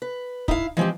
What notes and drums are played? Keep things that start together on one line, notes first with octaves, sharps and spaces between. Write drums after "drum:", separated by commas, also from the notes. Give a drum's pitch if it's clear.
B4
D#4 E4 F5, drum: kick
E3 F3 G#3 C4 G4